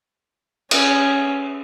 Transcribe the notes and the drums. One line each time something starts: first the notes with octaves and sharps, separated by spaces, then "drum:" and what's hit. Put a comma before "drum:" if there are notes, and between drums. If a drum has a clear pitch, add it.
C#4, drum: cymbal